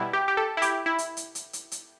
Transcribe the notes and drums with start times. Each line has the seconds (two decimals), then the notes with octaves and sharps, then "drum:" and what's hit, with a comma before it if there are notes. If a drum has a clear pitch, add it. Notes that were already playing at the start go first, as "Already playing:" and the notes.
Already playing: B2 G3 B3 E4
0.13 G4
0.28 G4
0.37 A4
0.57 E4
0.62 G4, drum: hi-hat
0.86 E4
0.98 drum: hi-hat
1.17 drum: hi-hat
1.35 drum: hi-hat
1.53 drum: hi-hat
1.72 drum: hi-hat